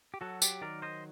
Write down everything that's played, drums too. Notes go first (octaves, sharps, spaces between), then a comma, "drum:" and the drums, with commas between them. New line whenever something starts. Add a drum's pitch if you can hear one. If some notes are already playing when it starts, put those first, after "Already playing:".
G4
F#3 F#4 A4
G4, drum: tambourine
D#3 A#4 D5
C5 D#5